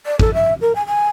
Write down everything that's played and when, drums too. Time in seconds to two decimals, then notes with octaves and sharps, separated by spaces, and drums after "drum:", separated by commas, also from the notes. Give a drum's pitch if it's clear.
0.05 D5
0.19 A4, drum: kick
0.34 E5
0.61 A#4
0.75 G#5
0.87 G#5